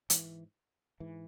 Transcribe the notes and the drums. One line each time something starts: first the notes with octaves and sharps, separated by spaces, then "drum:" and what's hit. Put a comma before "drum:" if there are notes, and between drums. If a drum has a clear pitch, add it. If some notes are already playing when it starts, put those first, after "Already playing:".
G#2 E3, drum: hi-hat
G#2 E3